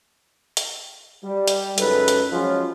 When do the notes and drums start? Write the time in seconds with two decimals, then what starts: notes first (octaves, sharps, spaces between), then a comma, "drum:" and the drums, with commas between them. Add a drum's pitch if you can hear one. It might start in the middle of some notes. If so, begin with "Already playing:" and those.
0.57 drum: hi-hat
1.24 G3
1.48 drum: hi-hat
1.78 C#2 F#2 D#4 A4 B4, drum: hi-hat
2.08 drum: hi-hat
2.32 F3 F#3 G#3 C#4 F4